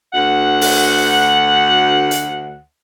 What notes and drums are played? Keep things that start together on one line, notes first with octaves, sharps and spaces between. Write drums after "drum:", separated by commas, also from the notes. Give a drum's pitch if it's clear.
D2 F#5
drum: open hi-hat
drum: hi-hat